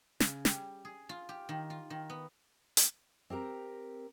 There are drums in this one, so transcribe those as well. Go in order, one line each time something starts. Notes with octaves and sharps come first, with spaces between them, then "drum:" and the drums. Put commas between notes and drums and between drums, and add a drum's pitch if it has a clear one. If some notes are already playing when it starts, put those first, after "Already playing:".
C#3, drum: snare
G3, drum: snare
G#4
F4
G4
D#3
F4
D#3
B3
drum: hi-hat
C4 G4 A#4 A#5